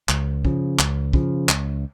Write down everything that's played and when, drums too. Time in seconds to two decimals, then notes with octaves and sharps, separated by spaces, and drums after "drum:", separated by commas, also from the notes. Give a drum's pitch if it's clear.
0.09 C#2, drum: clap
0.45 C#3 F3, drum: kick
0.79 C#2, drum: clap
1.13 C#3 F3, drum: kick
1.49 C#2, drum: clap